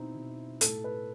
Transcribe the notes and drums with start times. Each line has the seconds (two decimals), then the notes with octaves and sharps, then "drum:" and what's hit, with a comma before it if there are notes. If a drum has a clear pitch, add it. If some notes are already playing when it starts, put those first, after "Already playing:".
Already playing: B2 C4 D#4 E4
0.15 B2
0.61 A2 A4, drum: hi-hat
0.84 B4